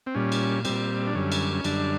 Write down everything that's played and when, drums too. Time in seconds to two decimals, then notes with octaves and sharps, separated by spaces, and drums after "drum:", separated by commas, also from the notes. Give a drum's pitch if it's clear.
0.06 C4
0.15 A#2 G3 C#4
0.32 drum: cymbal
0.65 A#2 G3 C4, drum: cymbal
1.07 D4
1.15 F#2 D3 G3 C#4
1.32 drum: cymbal
1.53 C#4
1.64 F#2 D3 G3 D4, drum: cymbal